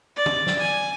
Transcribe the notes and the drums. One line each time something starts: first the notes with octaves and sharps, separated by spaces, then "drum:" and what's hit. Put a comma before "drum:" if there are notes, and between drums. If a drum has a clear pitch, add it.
D5
drum: tom
drum: snare
G#5